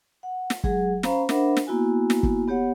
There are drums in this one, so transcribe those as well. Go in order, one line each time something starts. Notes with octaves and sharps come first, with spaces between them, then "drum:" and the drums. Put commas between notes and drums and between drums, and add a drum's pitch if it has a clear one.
F#5
drum: snare
F#3 G#3 G#4 F#5, drum: kick
C#4 C5 F5 A#5 B5, drum: snare
D4 A#4 C5 E5 F#5 B5, drum: snare
drum: snare
A#3 B3 E4 F#4 G#5
drum: snare
drum: kick
B3 G4 C#5 F#5